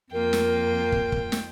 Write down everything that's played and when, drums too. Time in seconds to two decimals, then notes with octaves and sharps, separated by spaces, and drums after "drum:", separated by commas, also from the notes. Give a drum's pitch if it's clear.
0.13 F2 A#3 F4 A#4 G5
0.33 drum: snare
0.92 drum: kick
1.12 drum: kick
1.32 drum: snare